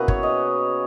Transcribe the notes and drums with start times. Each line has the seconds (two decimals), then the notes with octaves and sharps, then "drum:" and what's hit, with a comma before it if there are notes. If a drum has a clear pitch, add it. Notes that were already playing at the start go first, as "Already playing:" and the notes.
Already playing: B2 A#3 C#4 E4 F#4 G#4 B4
0.08 C#5, drum: kick
0.23 D#5